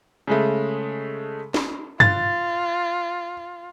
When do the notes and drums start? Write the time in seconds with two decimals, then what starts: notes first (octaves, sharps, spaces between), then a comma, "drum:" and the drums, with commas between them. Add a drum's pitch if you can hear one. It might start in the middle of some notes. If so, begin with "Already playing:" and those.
0.27 C#3 G#3 A3
1.54 drum: snare
2.00 F4 A6, drum: tom G2